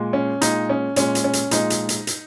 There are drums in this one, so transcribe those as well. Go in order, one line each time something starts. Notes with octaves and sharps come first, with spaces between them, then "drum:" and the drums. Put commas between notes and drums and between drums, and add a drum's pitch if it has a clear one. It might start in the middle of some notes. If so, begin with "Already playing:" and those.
Already playing: A#2 G#3
C#4
A#2 G#3 D#4, drum: hi-hat
C#4
A#2 G#3 C#4, drum: hi-hat
drum: hi-hat
C#4
drum: hi-hat
A#2 F3 G#3 D#4, drum: hi-hat
drum: hi-hat
drum: hi-hat
drum: hi-hat